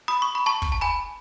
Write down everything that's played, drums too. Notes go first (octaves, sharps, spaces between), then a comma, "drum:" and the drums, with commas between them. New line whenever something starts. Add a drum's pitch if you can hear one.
B5 D#6
C#6
B5
A5 C#6
drum: kick
A5
G#5 B5